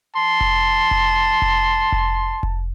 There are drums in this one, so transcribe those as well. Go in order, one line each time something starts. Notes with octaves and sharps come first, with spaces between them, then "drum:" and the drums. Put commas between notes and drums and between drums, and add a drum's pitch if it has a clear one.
A5 C6
drum: kick F1
drum: kick F1
drum: kick F1
drum: kick F1
drum: kick F1